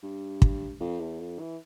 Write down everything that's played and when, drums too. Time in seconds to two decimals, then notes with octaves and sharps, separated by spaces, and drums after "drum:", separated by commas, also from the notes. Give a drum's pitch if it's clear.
0.03 G2
0.42 drum: kick
0.80 F2
1.00 E2
1.20 F2
1.39 E3